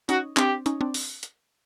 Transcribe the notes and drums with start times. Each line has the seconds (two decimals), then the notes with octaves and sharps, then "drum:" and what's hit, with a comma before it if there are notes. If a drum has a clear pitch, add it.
0.09 C#4 D#4 F#4, drum: hi-hat
0.37 C4 D4 G4, drum: clap
0.66 C#4 D#4, drum: hi-hat
0.81 C4 D4
0.94 drum: open hi-hat
1.23 drum: hi-hat